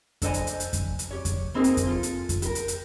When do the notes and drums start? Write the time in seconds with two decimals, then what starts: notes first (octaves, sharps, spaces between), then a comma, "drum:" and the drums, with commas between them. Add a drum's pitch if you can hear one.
0.22 D4 A4 C5 D#5 G#5 A#5, drum: kick F2, hi-hat
0.34 drum: hi-hat
0.47 drum: hi-hat
0.60 drum: hi-hat
0.73 drum: kick F2, hi-hat
0.99 drum: hi-hat
1.11 G4 C#5
1.25 drum: kick F2, hi-hat
1.54 A#3 C4 D#4 G#4 A#4 C5
1.64 drum: hi-hat
1.77 drum: kick F2, hi-hat
1.86 F4 A4
2.03 drum: hi-hat
2.29 drum: kick F2, hi-hat
2.42 G4 A#4, drum: hi-hat
2.55 drum: hi-hat
2.68 drum: hi-hat